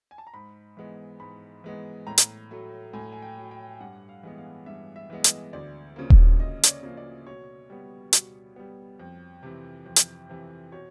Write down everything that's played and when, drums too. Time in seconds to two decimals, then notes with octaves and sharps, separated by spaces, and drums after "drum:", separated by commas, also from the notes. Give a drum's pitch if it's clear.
0.11 G#5
0.18 A5
0.27 A#5
0.34 G#2 B5
0.77 E3 G#3 B3
1.20 G#2 B5
1.64 E3 G#3 B3
2.07 A2 A#5
2.18 drum: hi-hat
2.51 F#3 A3
2.93 A2 G#5
3.12 G#5
3.22 G5
3.37 F#3 A3
3.51 G5
3.80 G2 F#5
4.09 F5
4.23 E3 G#3 B3
4.38 F5
4.66 G2 E5
4.96 E5
5.10 E3 G#3 B3
5.24 D#5, drum: hi-hat
5.53 D2 D5
5.96 C#3 F3 A#3
6.10 drum: kick D#1
6.40 D2 D#5
6.63 C#5, drum: hi-hat
6.69 D5
6.83 C#3 F3 A#3
6.97 D5
7.27 B2 C#5
7.70 G3 B3
8.13 B2, drum: hi-hat
8.56 G3 B3
8.99 F2
9.43 C3 E3
9.86 F2
9.96 drum: hi-hat
10.29 C3 E3
10.72 B2 C#5